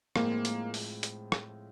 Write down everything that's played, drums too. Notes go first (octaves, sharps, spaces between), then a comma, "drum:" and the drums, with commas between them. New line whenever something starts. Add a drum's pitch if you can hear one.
A2 F3 G#3 A#3 C4 F4, drum: rim click
drum: hi-hat
drum: open hi-hat
drum: hi-hat
drum: rim click